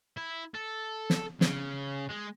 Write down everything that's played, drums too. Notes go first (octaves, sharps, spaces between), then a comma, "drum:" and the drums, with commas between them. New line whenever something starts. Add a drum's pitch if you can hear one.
E4
A4
drum: snare
C#3, drum: snare
G#3